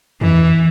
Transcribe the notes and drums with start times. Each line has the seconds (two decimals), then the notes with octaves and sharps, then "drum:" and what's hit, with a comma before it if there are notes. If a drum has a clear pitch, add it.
0.21 E3, drum: tom E2